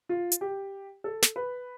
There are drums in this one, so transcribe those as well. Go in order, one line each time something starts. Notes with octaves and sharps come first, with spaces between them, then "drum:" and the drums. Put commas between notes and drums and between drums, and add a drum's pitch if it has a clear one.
F4
drum: hi-hat
G4
A4
drum: snare
B4